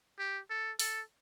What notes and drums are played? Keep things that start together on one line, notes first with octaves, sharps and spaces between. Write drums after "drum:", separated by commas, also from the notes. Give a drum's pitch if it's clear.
G4
A4
A4, drum: open hi-hat